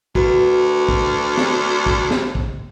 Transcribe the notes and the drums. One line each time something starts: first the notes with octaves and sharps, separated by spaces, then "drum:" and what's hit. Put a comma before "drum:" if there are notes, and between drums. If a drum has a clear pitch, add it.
D2 F#4 B4, drum: kick
drum: kick
drum: snare
drum: kick
drum: snare
drum: kick